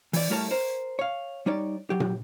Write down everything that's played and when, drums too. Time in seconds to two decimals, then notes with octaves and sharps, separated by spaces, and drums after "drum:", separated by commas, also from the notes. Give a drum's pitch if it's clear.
0.13 E3 D5, drum: open hi-hat
0.30 G3 A3 E4 A#4 C#5 A5
0.51 A#4 C5
0.99 C#5 F5
1.46 G3 D#4 C#5 D5
1.90 F#3 G4
2.00 drum: tom A#2